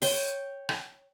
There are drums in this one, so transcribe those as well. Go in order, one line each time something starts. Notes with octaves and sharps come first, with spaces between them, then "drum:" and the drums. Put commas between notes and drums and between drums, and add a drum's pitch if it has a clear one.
C#5 G5, drum: open hi-hat
drum: rim click